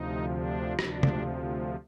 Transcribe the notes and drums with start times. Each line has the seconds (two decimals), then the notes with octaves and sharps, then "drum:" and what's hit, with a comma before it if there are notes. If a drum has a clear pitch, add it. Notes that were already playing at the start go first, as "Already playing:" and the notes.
Already playing: D2 C3 F3 D#4
0.30 D4
0.79 D2 C3 F3 D4, drum: rim click
1.03 drum: tom